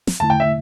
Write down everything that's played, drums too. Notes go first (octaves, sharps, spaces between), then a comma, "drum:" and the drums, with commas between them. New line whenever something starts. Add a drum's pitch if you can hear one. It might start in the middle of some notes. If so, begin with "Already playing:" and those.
drum: snare
E2 D3 A3 E4 A5
G5
E5